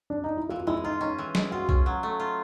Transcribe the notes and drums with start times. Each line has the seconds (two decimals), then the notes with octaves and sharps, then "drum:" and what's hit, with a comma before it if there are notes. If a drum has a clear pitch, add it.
0.10 D4
0.24 D#4
0.37 E4
0.49 E3 F4
0.67 G#3 E4
0.84 D#4 F4
1.01 C#4 D#4
1.19 E3
1.35 G#3, drum: snare
1.52 F4 F#4
1.69 C#4, drum: kick B1
1.86 F#3
2.03 A3
2.20 F4